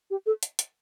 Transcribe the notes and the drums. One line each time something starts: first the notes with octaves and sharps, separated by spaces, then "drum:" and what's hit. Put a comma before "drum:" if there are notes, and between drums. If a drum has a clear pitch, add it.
G4
A4
drum: hi-hat
drum: hi-hat